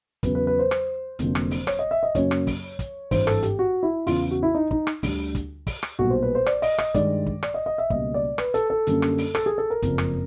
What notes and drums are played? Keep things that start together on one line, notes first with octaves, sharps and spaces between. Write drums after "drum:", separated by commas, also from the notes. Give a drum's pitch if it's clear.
E2 C#3 F#3 B3 B4, drum: kick, hi-hat
B4
B4
C5
drum: rim click
F1 F2 D3 F#3 A#3, drum: hi-hat
drum: rim click
drum: open hi-hat
C#5, drum: rim click
D#5
E5
D#5
F#2 C#3 F#3 A#3 C#4 C#5, drum: kick, hi-hat
drum: rim click
drum: kick, open hi-hat
drum: kick, hi-hat
G#1 G2 E3 G3 C5, drum: kick, open hi-hat
A4, drum: rim click
G4, drum: hi-hat
F#4
E4
E2 C#3 E3 F4, drum: open hi-hat
F#4
E4
D#4
D#4, drum: kick
drum: rim click
D2 D3 G3, drum: kick, open hi-hat
drum: kick, hi-hat
drum: kick, open hi-hat
drum: rim click
B1 A#2 G3 F#4
C5
B4
C5
D5, drum: rim click
D#5, drum: open hi-hat
D#5, drum: rim click
G2 D#3 G#3 D5, drum: kick, hi-hat
drum: kick
D5, drum: rim click
D#5
D#5
E5
C#2 B2 G3 A#3 D#5, drum: kick
D5
B4, drum: rim click
A4, drum: hi-hat
A4
F#2 D3 G3 A#3 C#4, drum: hi-hat
drum: rim click
drum: open hi-hat
A4, drum: rim click
G#4
A4
A#4
F#1 F2 C#3 F3, drum: kick, hi-hat
drum: rim click